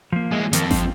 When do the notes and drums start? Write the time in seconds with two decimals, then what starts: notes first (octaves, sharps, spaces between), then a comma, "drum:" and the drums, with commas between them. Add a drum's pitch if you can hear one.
0.12 F3 A#3
0.32 E3 G#3
0.53 F2 D#3 C4 A#4, drum: hi-hat
0.71 C4, drum: snare G#1